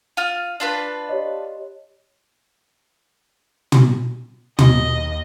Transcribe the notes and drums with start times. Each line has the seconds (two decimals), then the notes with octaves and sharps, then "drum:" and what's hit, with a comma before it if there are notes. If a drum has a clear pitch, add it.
0.17 F4 F6
0.60 D4 F4 B4
1.09 G4 C#5 D#5
3.72 drum: tom
4.59 D#2 D#5, drum: tom